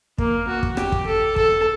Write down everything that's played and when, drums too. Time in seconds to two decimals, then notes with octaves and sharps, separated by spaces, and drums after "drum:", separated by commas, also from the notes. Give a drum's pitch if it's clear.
0.18 A#3, drum: kick
0.48 F#4
0.63 drum: kick
0.77 G4, drum: rim click
0.92 drum: kick
1.06 A4
1.36 A4, drum: kick